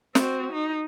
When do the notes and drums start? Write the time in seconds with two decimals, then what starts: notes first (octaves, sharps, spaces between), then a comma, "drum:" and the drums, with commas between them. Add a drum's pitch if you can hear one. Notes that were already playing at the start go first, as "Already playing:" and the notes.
0.15 C4 F#4, drum: snare
0.52 D#4